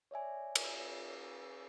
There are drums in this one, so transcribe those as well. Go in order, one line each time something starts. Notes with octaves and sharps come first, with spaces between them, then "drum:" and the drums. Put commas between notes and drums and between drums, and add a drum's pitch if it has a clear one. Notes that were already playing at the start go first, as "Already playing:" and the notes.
C#5 D5 E5 G#5
drum: cymbal